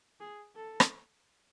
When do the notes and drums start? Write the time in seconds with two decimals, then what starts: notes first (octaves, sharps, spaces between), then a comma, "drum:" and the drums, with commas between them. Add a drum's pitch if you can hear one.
0.20 G#4
0.56 A4
0.80 drum: rim click